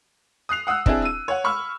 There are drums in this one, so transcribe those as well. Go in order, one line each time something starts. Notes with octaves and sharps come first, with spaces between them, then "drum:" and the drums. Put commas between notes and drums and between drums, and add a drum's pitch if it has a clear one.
D#6 F#6 C7 F7
F#5 D#6 E6 F#6
C4 D4 E4 G#4, drum: kick
E6 D#7
C#5 F#5
B5 C#6 E6 F6